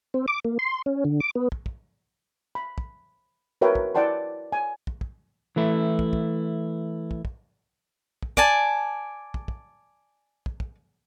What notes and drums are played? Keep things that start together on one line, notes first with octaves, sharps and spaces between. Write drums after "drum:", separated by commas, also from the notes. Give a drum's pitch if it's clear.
C4
D6
A#3
C6
C#4
D3
D6
B3
drum: kick
drum: kick
B5
drum: kick
F#4 A#4 B4 C#5 E5 G5
drum: kick
E4 D5 F#5 G5 A5 C6
G#5
drum: kick
drum: kick
E3 A3 E4
drum: kick
drum: kick
drum: kick
drum: kick
drum: kick
D5 G#5 A5, drum: kick
drum: kick
drum: kick
drum: kick
drum: kick